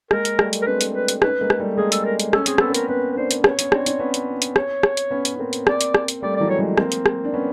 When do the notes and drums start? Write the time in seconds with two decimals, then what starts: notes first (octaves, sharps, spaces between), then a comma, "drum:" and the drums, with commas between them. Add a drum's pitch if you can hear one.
0.11 G#3 A#3 A#4, drum: rim click
0.25 drum: hi-hat
0.39 G3 A3, drum: rim click
0.53 drum: hi-hat
0.62 A#4
0.66 C4 D4 B4
0.81 drum: hi-hat
0.95 B4
1.08 drum: hi-hat
1.22 C#4 D#4 B4, drum: rim click
1.41 G#3 A#3
1.50 drum: rim click
1.60 G3 A3
1.77 G#3 A#3 G#4
1.92 A4, drum: hi-hat
2.05 A#4
2.20 drum: hi-hat
2.33 C#4 A4, drum: rim click
2.46 C4 G#4, drum: hi-hat
2.58 B3 A4, drum: rim click
2.70 A#3 C4
2.74 A#4, drum: hi-hat
2.89 B3 C#4 B4
3.12 B4
3.17 C4 D4 C5
3.31 drum: hi-hat
3.44 B3 C#4 C#5, drum: rim click
3.59 B3 C#4, drum: hi-hat
3.72 C4 D4, drum: rim click
3.86 C4 D4, drum: hi-hat
3.99 B3 C#4
4.14 drum: hi-hat
4.42 drum: hi-hat
4.56 C#5, drum: rim click
4.83 drum: rim click
4.97 drum: hi-hat
5.11 B3 C#4
5.25 drum: hi-hat
5.35 C#4
5.39 A#3 C4
5.53 drum: hi-hat
5.67 A#3 C4 D5, drum: rim click
5.81 drum: hi-hat
5.94 drum: rim click
6.08 drum: hi-hat
6.22 G3 A3 D5
6.36 E3 F#3 D5
6.50 C#5
6.59 F#3 G#3
6.78 A#3 C4, drum: rim click
6.92 drum: hi-hat
7.06 drum: rim click
7.24 D4
7.34 B3 C#4